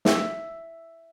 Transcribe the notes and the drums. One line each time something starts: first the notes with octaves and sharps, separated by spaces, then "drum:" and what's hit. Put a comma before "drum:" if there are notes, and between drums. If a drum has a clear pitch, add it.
E5, drum: snare